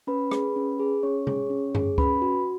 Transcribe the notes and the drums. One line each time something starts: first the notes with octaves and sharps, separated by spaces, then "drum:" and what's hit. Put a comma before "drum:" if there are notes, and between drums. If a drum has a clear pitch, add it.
C#4 B4 B5
G#4, drum: rim click
C#4
G#4
C#4 C#5 C#6
G#4, drum: tom C3
C#4
G#4, drum: tom F#2
C#4 B4 B5, drum: kick C#2
F#4